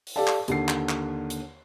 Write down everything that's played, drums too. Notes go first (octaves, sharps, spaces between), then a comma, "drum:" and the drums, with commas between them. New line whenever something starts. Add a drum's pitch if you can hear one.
drum: open hi-hat
G4 A4 D5 F5 A5
drum: clap
D#2 D3 C7, drum: hi-hat
drum: clap
drum: clap
drum: hi-hat